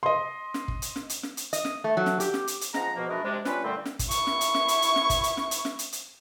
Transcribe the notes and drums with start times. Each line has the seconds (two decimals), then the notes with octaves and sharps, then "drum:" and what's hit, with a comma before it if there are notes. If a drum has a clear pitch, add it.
0.03 D#5 C6
0.54 drum: snare
0.68 drum: kick
0.82 drum: hi-hat
0.96 drum: snare
1.10 drum: hi-hat
1.23 drum: snare
1.37 drum: hi-hat
1.53 D#5, drum: hi-hat
1.65 drum: snare
1.84 A3
1.97 F#3
2.06 drum: snare
2.20 G4, drum: hi-hat
2.34 drum: snare
2.47 drum: hi-hat
2.61 drum: hi-hat
2.74 F3 G#3 F#5 A#5, drum: snare
2.96 B2 F3 A#3
3.09 G#3 A3 D4 F#4 A#4 B4
3.24 C3 G#3 D4
3.45 G3 C#4 F4 B4, drum: snare
3.63 A#2 D3 G3 A3 C4
3.85 drum: snare
3.99 drum: kick, hi-hat
4.11 E4 C#6, drum: hi-hat
4.27 drum: snare
4.41 drum: hi-hat
4.54 drum: snare
4.68 drum: hi-hat
4.82 drum: hi-hat
4.96 drum: snare
5.10 drum: kick, hi-hat
5.23 drum: hi-hat
5.37 drum: snare
5.51 drum: hi-hat
5.65 drum: snare
5.79 drum: hi-hat
5.92 drum: hi-hat